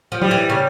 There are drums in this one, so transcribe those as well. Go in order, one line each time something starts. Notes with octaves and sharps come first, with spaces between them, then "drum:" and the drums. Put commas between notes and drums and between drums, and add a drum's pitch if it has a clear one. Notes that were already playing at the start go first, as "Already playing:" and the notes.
F3
G3, drum: tom
E3
C#3